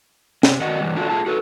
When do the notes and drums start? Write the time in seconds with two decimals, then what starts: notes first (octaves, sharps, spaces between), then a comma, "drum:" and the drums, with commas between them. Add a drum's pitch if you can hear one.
0.43 C3, drum: snare
0.61 D#3 F#4 A#4 D5 D#5 F#5
0.80 G2 C3 E3 G3
0.96 D3 D4 F4 F#4
1.10 A3 F4 G#4 A5
1.26 F#4 A4 B4